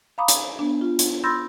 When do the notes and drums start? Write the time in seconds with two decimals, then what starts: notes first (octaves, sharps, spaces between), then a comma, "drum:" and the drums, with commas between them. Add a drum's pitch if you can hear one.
0.18 F5 A#5 B5 D6 D#6
0.28 drum: hi-hat
0.59 B3 D4
0.81 F4
0.99 drum: hi-hat
1.23 B5 C6 E6 G6 A6 A#6